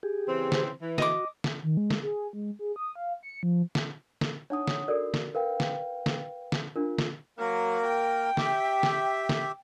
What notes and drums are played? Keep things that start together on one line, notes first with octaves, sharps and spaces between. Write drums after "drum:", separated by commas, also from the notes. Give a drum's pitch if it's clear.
G4 G#4
C#3 E3 C4
drum: snare
E3
F#4 D#5 D6, drum: snare
drum: snare
D#3
G#3
drum: snare
G#4
G#3
G#4
D#6
F5
C#7
F3
drum: snare
drum: snare
D4 D#4 C#5 F#5 D#6
drum: snare
F#4 A4 A#4 D5
drum: snare
A#4 B4 F5 G5
drum: snare
drum: snare
drum: snare
D4 F4 A#4
drum: snare
F#3 A#3 A#4
G5
G4 E5, drum: snare
drum: snare
drum: snare